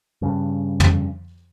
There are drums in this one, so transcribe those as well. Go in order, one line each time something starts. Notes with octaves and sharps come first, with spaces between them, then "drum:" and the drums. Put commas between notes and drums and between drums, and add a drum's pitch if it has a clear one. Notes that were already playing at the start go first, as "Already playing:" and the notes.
G2 C#3
drum: tom